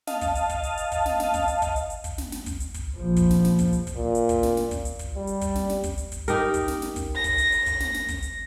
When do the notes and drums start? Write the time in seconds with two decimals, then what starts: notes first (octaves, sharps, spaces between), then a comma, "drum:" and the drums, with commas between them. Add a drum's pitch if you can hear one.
0.07 D#5 F5 A5, drum: snare
0.21 drum: kick, hi-hat
0.35 drum: hi-hat
0.50 drum: kick, hi-hat
0.64 drum: hi-hat
0.78 drum: hi-hat
0.92 drum: kick, hi-hat
1.06 drum: snare
1.20 drum: snare
1.34 drum: kick, hi-hat
1.48 drum: hi-hat
1.62 drum: kick, hi-hat
1.76 drum: hi-hat
1.90 drum: hi-hat
2.04 drum: kick, hi-hat
2.18 drum: snare
2.32 drum: snare
2.46 drum: kick, hi-hat
2.60 drum: hi-hat
2.74 drum: kick, hi-hat
2.97 A#1 F3
3.17 drum: kick, hi-hat
3.31 drum: snare
3.45 drum: snare
3.59 drum: kick, hi-hat
3.73 drum: hi-hat
3.87 drum: kick, hi-hat
3.96 A#2
4.15 drum: hi-hat
4.29 drum: kick, hi-hat
4.43 drum: snare
4.57 drum: snare
4.71 drum: kick, hi-hat
4.85 drum: hi-hat
4.99 drum: kick, hi-hat
5.17 G3
5.27 drum: hi-hat
5.41 drum: kick, hi-hat
5.56 drum: snare
5.70 drum: snare
5.84 drum: kick, hi-hat
5.98 drum: hi-hat
6.12 drum: kick, hi-hat
6.28 D#4 G4 A#4, drum: hi-hat
6.54 drum: kick, hi-hat
6.68 drum: snare
6.82 drum: snare
6.96 drum: kick, hi-hat
7.14 A#6
7.24 drum: kick, hi-hat
7.38 drum: hi-hat
7.52 drum: hi-hat
7.66 drum: kick, hi-hat
7.80 drum: snare
7.94 drum: snare
8.09 drum: kick, hi-hat
8.23 drum: hi-hat